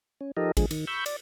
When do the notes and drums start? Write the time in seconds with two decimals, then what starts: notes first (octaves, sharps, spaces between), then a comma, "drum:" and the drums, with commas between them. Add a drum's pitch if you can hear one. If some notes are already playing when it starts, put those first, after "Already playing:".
0.21 C#4
0.37 F3 D#4 G4 A4 A#4 D#5
0.57 D3 F3 G#3 G#4, drum: kick A1, cymbal
0.71 D#3, drum: cymbal
0.87 B5 C#6 E6 G6
1.06 D5, drum: cymbal